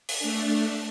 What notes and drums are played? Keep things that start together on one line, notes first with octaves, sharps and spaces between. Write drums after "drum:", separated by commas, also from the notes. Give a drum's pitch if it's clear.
drum: open hi-hat
A3 D4